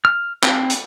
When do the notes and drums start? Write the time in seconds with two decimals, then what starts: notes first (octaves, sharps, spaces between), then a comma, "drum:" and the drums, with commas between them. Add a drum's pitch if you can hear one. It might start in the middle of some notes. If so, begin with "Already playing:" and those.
0.05 F6
0.43 C4, drum: clap
0.70 drum: hi-hat